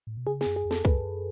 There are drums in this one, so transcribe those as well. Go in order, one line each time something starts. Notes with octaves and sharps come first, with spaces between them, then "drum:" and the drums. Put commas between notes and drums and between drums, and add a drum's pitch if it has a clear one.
A2
B2
C#3 G#4
G#4, drum: snare
F#2
G#4
F2
A4, drum: snare
F#2 B4, drum: kick C2